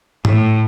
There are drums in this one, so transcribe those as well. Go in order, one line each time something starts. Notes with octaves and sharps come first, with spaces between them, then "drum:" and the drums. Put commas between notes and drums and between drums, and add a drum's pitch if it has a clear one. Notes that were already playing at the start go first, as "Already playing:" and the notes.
A2, drum: tom G#2